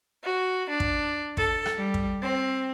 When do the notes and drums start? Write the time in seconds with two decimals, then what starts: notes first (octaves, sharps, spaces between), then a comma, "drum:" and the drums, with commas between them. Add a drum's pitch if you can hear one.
0.23 F#4
0.69 D4
0.80 drum: kick
1.37 A4, drum: kick
1.66 drum: rim click
1.78 G3
1.94 drum: kick
2.22 C4